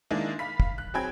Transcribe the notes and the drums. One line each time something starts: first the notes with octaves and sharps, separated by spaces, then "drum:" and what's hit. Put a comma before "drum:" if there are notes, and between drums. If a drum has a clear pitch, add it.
D#3 G#3 A#3 D4 E4
F5 B5 B6
drum: kick
F#6
F#3 C4 G#4 G5 B5 G#6